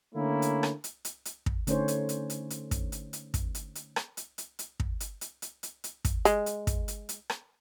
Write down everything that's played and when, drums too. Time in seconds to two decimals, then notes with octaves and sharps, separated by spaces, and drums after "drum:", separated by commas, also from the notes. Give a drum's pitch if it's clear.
0.14 D3 A3 A#3 C#4 E4
0.42 drum: hi-hat
0.63 drum: rim click
0.84 drum: hi-hat
1.05 drum: hi-hat
1.25 drum: hi-hat
1.46 drum: kick
1.67 D3 A3 C#4 D#4 C5 C#5, drum: hi-hat
1.88 drum: hi-hat
2.09 drum: hi-hat
2.30 drum: hi-hat
2.50 drum: hi-hat
2.71 drum: kick, hi-hat
2.92 drum: hi-hat
3.13 drum: hi-hat
3.34 drum: kick, hi-hat
3.55 drum: hi-hat
3.75 drum: hi-hat
3.96 drum: rim click
4.17 drum: hi-hat
4.38 drum: hi-hat
4.59 drum: hi-hat
4.80 drum: kick
5.00 drum: hi-hat
5.21 drum: hi-hat
5.42 drum: hi-hat
5.63 drum: hi-hat
5.84 drum: hi-hat
6.05 drum: kick, hi-hat
6.25 G#3, drum: hi-hat
6.46 drum: hi-hat
6.67 drum: kick, hi-hat
6.88 drum: hi-hat
7.09 drum: hi-hat
7.30 drum: rim click